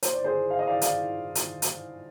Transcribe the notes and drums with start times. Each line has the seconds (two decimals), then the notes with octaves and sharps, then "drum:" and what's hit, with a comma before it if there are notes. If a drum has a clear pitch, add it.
0.03 C5, drum: hi-hat
0.13 D5
0.24 G#4 C5
0.50 F5
0.59 D#5
0.67 D5 F5
0.82 D5 F5, drum: hi-hat
1.35 drum: hi-hat
1.62 drum: hi-hat